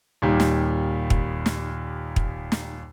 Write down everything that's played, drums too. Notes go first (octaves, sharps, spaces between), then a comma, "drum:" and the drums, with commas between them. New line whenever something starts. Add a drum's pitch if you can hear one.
D#2 A#2 G3 D#4
drum: snare
drum: kick
drum: snare
drum: kick
drum: snare